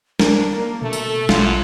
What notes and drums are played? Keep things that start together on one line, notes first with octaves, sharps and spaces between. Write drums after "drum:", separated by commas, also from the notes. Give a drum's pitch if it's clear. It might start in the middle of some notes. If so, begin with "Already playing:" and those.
D4 A#4, drum: snare
A#3
B2 A3 A4
drum: tambourine
A#1 F#2 F4, drum: snare